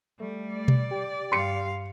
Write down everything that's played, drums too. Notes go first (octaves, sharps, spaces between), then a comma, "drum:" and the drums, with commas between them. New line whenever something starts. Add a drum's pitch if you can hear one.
G3 A3
D5
drum: tom B2
G4
G2 F5 C6 C#7